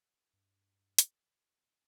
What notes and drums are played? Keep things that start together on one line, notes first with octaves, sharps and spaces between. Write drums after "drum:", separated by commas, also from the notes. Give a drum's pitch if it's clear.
G2
drum: hi-hat